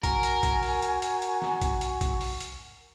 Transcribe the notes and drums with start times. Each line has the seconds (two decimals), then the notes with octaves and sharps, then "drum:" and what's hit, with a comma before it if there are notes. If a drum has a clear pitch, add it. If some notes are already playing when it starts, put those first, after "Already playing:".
0.03 F#4 A#4 G#5, drum: kick, hi-hat
0.23 drum: hi-hat
0.43 drum: kick, hi-hat
0.63 drum: open hi-hat
0.82 drum: hi-hat
1.02 drum: hi-hat
1.22 drum: hi-hat
1.42 drum: snare
1.61 drum: kick, hi-hat
1.81 drum: hi-hat
2.01 drum: kick, hi-hat
2.21 drum: open hi-hat
2.40 drum: hi-hat